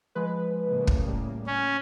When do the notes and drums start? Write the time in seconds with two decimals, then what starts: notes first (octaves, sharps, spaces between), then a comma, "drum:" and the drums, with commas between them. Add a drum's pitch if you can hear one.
0.15 F3 G#3 B4
0.66 A2 C#3 A#3
0.87 drum: kick
1.06 G3
1.47 C#4